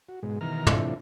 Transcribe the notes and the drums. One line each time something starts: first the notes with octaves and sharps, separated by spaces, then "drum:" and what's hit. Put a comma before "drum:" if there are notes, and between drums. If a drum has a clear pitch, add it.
F#4
G#2 B2 G#3
B2 D#3 E3 A#5 F6
C3 E3 A3 D4 E4 F4, drum: tom